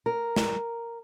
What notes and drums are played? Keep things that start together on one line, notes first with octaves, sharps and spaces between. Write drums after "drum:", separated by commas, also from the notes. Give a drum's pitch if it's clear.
A#4
drum: snare